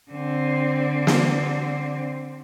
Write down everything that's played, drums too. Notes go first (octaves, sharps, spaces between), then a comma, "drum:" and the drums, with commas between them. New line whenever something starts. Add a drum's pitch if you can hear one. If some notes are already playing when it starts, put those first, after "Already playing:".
D3 C4
drum: snare